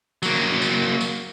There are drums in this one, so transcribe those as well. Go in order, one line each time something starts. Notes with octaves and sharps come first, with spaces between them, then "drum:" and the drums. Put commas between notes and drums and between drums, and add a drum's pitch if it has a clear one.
F#3 A#3, drum: tambourine
drum: tambourine
drum: tambourine